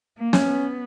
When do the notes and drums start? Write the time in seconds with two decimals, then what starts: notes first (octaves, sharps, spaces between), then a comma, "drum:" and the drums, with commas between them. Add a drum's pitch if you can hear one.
0.18 A#3
0.33 C#4, drum: snare
0.48 B3